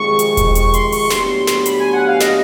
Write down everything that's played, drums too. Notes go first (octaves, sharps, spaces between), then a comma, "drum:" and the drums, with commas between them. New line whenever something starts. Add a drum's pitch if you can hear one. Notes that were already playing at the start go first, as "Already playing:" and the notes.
Already playing: F2 C3 D#3 G#3 C#6
drum: hi-hat
drum: kick E1, hi-hat
C#6, drum: hi-hat
C6, drum: hi-hat
C#6, drum: open hi-hat
A2 F#3 B3 D4 G4 C6, drum: snare
drum: snare
B5, drum: hi-hat
G#5
F#5
F5
D#5, drum: snare